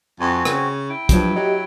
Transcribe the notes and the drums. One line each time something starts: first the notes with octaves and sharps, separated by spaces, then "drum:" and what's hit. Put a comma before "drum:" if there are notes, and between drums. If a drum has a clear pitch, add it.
F2 C4 F#4 G#5
C#3, drum: rim click
E4 G5
G2 F3 F#3, drum: kick, hi-hat
F#3 G4 D#5